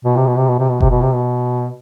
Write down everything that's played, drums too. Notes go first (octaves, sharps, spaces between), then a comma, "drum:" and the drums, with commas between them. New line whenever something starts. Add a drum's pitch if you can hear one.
B2
C3
B2
C3
B2
C3
B2
C3, drum: kick F#1
B2
C3
B2